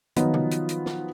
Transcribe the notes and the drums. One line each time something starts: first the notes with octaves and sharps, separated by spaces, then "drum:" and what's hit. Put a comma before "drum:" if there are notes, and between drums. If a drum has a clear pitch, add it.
D#3 F3 F#3 B3 D#4 F4, drum: hi-hat
drum: tom C3
drum: hi-hat
drum: hi-hat
drum: snare